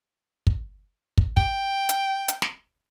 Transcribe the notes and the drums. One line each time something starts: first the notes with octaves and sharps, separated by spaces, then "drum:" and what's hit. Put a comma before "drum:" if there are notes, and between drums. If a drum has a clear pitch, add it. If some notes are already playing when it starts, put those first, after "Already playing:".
drum: kick
drum: kick
G5, drum: kick
drum: hi-hat
drum: hi-hat
drum: snare